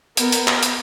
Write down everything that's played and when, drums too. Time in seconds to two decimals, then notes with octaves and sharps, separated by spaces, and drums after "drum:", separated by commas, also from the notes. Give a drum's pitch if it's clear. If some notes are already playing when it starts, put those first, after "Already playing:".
0.17 B3 A#4, drum: hi-hat
0.32 drum: hi-hat
0.48 drum: clap
0.63 drum: hi-hat